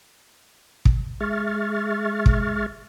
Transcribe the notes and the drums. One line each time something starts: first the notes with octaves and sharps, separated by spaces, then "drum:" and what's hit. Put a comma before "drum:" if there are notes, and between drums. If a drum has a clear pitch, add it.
drum: kick
G#3 G#4 E5 C#6 F6 A6
drum: kick